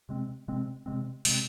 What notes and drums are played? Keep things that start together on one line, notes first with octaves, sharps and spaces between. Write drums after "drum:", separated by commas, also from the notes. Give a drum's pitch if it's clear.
C3 G#3 C4
C3 G#3 C4
C3 G#3 C4
C3 G#3 C4, drum: open hi-hat